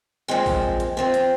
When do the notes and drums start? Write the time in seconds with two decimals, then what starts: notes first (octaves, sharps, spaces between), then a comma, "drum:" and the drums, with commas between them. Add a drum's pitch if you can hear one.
0.28 A#2 F3 G#3 C4
0.46 drum: kick, open hi-hat
0.80 drum: hi-hat
0.97 F3 C4 F4
1.14 drum: hi-hat